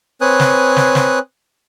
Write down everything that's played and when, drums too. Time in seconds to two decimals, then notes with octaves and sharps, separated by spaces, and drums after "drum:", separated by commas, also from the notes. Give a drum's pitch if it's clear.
0.21 C4 B4 C#5 G#5 D#6 F#6
0.40 drum: snare
0.77 drum: snare
0.95 drum: snare